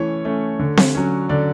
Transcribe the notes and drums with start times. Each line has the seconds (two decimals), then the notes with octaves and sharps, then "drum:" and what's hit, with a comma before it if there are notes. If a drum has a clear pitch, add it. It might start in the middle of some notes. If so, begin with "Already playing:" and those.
Already playing: E3 A3 C#4 C#5
0.25 A3 C#4
0.59 D3
0.77 drum: snare C4
0.95 F#3 C#4
1.29 D3 D5